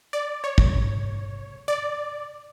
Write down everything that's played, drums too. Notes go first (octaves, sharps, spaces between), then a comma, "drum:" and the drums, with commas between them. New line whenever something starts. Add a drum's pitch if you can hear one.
D5
C#5
drum: kick
D5